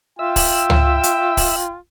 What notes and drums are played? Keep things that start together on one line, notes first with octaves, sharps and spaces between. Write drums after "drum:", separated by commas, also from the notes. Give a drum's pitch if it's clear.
F4 E5 G5 E6
drum: kick, open hi-hat
drum: tom C#2
drum: hi-hat
drum: kick, open hi-hat